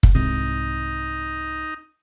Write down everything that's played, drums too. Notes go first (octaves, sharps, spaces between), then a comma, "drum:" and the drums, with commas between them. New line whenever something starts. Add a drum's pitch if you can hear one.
drum: kick
C2 G#2 C3 D#4